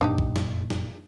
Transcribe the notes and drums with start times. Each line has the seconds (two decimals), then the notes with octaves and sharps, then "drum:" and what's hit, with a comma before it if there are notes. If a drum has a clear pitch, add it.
0.01 F1 F#2 A#2 D4 D#4 G4
0.18 drum: kick
0.36 drum: snare
0.70 drum: snare